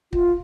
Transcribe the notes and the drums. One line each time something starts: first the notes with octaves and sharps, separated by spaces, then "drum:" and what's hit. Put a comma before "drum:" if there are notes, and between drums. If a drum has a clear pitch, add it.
F4, drum: kick